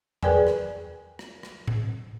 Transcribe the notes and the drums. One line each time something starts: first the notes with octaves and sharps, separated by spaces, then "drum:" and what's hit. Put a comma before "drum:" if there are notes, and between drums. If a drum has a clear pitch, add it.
G#4 A#4 B4 D5 G5 G#5, drum: tom E2
drum: rim click
drum: rim click
drum: rim click
drum: tom A2